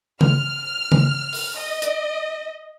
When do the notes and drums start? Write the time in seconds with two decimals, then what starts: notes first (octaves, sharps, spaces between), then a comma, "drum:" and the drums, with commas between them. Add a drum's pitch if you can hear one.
0.21 F6, drum: tom C#3
0.92 drum: tom C#3
1.33 drum: open hi-hat
1.57 D#5
1.82 drum: hi-hat